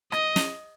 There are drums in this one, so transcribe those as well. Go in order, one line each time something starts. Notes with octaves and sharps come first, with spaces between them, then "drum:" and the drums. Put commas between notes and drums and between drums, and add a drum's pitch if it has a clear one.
D#5, drum: rim click
drum: snare